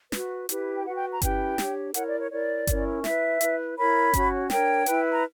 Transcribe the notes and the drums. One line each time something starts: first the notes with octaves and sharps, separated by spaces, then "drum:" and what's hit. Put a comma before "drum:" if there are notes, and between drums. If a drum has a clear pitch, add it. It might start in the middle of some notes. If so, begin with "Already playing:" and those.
F#4 B4, drum: snare
E4 G4 B4, drum: hi-hat
G5
F#4 B4 F#5
G5
A#5
C#4 E4 G4 B4 G5, drum: kick G1, hi-hat
D4 G4 C#5, drum: snare
E4 A#4 C#5 F#5, drum: hi-hat
D5
C#5
E4 A#4 C#5 D5
C#4 E4 A#4 C#5, drum: kick G1, hi-hat
E4 B4 E5, drum: snare
E4 B4, drum: hi-hat
E4 A#4 C#5 B5
C#4 F#4 C#5, drum: kick G1, hi-hat
D4 A#4 C#5 G5, drum: snare
E4 B4, drum: hi-hat
A#5